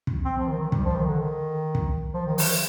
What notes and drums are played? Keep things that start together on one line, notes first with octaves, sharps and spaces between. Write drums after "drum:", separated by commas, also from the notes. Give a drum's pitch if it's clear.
drum: kick
C4
F3
D#3
D#3
G3, drum: kick
F3
D#3
D3
D#3
drum: kick
F3
D#3
F3, drum: open hi-hat